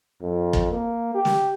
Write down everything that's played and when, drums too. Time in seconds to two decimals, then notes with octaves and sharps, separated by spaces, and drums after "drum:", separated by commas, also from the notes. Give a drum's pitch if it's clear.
0.22 F2
0.53 drum: kick
0.71 A#3
1.15 G4
1.25 drum: snare